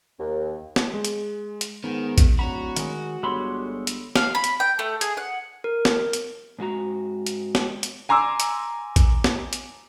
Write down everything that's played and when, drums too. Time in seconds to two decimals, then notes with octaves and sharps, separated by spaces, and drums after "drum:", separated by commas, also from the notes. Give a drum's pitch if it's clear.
0.19 D#2
0.76 drum: snare
0.94 G#3
1.05 drum: hi-hat
1.61 drum: hi-hat
1.84 G#2 D#3 B3
2.18 drum: kick A#1, hi-hat
2.39 D1 F#4 C#5 A#5 B5
2.76 D#3 G#3, drum: hi-hat
3.23 G1 G#3 G4 A4 C#5 B5 C6
3.87 drum: hi-hat
4.16 F5, drum: snare
4.35 B5
4.44 drum: hi-hat
4.60 G5
4.79 A3
5.01 G#4, drum: hi-hat
5.17 F#5
5.64 A#4
5.85 drum: snare
6.13 drum: hi-hat
6.59 G#2 G#3 F#4 A#5
7.26 drum: hi-hat
7.55 drum: snare
7.83 drum: hi-hat
8.09 G#5 A#5 C6 D6 E6
8.40 drum: hi-hat
8.96 drum: kick A#1, hi-hat
9.24 drum: snare
9.53 drum: hi-hat